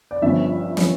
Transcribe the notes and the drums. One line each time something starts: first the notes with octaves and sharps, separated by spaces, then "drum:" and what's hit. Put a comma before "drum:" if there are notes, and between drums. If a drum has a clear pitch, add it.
D5
G1 G2 F3 C#4 E5
F3 C#4, drum: snare